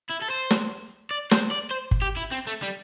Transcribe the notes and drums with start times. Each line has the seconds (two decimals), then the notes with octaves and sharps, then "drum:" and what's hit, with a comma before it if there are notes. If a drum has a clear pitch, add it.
0.10 E4
0.22 A4
0.31 C5
0.51 drum: snare
1.11 D5
1.31 C5, drum: snare
1.51 D5
1.71 C5
1.91 drum: kick G1
2.02 G4
2.17 E4
2.31 C4
2.47 A3
2.62 G3